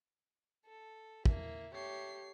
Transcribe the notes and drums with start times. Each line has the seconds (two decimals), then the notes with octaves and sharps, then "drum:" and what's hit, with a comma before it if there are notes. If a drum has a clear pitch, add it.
0.65 A4
1.25 A#3 E4, drum: kick
1.73 A3 G4 C#5 C7